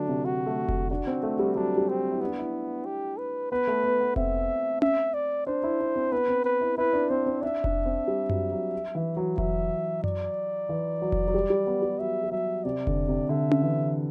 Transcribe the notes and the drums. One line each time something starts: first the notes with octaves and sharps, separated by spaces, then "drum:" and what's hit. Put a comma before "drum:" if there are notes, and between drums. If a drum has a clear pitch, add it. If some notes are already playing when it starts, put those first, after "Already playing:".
Already playing: D3 F#3 A3 D4
C3
F#4
A3
drum: kick F1
D4 F#4
C4
A3
G3
F#3 D4
G3
C4
E4
B3 D4
E4
G4
B4
B3 B4
A3
B3
B3
C4 E5, drum: kick F1
E5, drum: tom C#4
D5
D4 C5
E4
D4
C4
B3 B4
C4
B4
E4
E4 B4
D4
C4 C5
C4
D4 E5
D4, drum: kick F1
C4
G3
F#3, drum: tom F#2
F#3
E3
F#3
F#3 E5, drum: kick F1
D5, drum: tom F#2
E3
F#3
drum: kick F1
F#3
G3
G3
B3
G3
F#3 E5
G3
F#3 E5
C3 D5
D3, drum: kick F1
C3
D3 E5
drum: tom C#4
E3